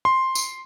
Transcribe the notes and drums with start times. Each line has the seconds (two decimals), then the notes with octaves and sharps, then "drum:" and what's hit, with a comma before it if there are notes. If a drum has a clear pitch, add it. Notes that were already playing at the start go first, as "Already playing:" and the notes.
0.05 C6
0.35 drum: tambourine